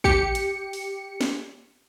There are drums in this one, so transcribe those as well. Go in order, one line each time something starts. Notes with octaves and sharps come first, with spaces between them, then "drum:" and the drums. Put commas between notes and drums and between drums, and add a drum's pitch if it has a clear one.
G4 C#7, drum: kick
drum: hi-hat
drum: open hi-hat
drum: snare